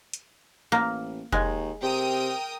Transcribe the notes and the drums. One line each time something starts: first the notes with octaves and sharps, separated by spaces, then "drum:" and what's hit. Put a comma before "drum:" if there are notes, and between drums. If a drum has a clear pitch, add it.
drum: hi-hat
A1 A#3
D#2 G#3, drum: kick F1
C3 A#4 G5 D#6